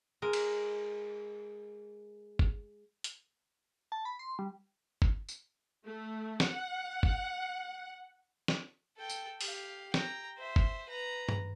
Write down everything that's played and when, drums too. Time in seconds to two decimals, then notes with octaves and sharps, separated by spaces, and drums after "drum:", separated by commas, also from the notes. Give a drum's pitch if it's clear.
0.22 G#3 A#4
0.33 drum: cymbal
2.39 drum: kick
3.04 drum: hi-hat
3.92 A5
4.05 B5
4.19 C6
4.39 G3
5.02 drum: kick
5.29 drum: tambourine
5.83 A3
6.40 F#5, drum: snare
7.03 drum: kick
8.48 drum: snare
8.97 A4 G5
9.09 drum: tambourine
9.41 G4 F5, drum: open hi-hat
9.94 G5 A#5, drum: snare
10.39 C5 E5
10.56 drum: kick
10.89 B4 A#5
11.29 drum: tom G2